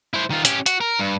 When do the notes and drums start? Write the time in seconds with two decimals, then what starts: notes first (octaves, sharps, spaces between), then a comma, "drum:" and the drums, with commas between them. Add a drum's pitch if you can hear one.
0.14 E4 C5
0.30 D#3 F4
0.45 C#4 G4, drum: hi-hat
0.66 F#4, drum: hi-hat
0.81 A#4
1.00 G2